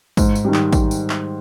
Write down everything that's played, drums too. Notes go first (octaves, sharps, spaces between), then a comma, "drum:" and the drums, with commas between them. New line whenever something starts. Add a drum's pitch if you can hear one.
G#2, drum: kick A1, tambourine
drum: tambourine
D#3 G3
drum: clap
drum: kick A1, tambourine
drum: tambourine
drum: clap